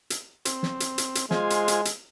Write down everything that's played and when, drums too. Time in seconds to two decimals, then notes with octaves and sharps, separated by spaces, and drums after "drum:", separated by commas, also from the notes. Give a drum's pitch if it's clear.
0.10 drum: hi-hat
0.45 C4, drum: hi-hat
0.63 drum: snare
0.80 drum: hi-hat
0.98 drum: hi-hat
1.15 drum: hi-hat
1.31 G#3 F4 C5 G#5, drum: snare
1.50 drum: hi-hat
1.68 drum: hi-hat
1.85 drum: hi-hat